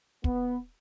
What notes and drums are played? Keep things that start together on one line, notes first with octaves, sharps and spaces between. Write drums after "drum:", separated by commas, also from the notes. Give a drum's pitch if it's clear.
B3, drum: kick